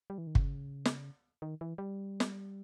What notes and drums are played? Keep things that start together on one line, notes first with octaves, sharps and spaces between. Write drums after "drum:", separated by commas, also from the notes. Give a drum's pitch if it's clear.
G3
E3
D#3
C#3, drum: kick
drum: snare
D#3
E3
G3
drum: snare